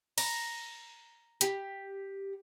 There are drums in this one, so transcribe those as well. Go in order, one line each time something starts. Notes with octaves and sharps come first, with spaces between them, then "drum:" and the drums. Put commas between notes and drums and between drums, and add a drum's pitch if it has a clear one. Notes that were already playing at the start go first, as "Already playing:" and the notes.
A#5, drum: cymbal
G4, drum: hi-hat